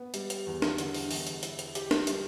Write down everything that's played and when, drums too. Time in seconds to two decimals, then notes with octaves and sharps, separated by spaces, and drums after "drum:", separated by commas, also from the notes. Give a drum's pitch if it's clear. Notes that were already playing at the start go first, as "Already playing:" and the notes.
Already playing: B3
0.14 G3, drum: hi-hat
0.30 drum: hi-hat
0.47 E2
0.62 drum: snare
0.78 D3, drum: hi-hat
0.94 drum: open hi-hat
1.11 E2, drum: open hi-hat
1.27 drum: hi-hat
1.43 E4, drum: hi-hat
1.59 drum: hi-hat
1.75 G4, drum: hi-hat
1.91 drum: snare
2.07 G3, drum: hi-hat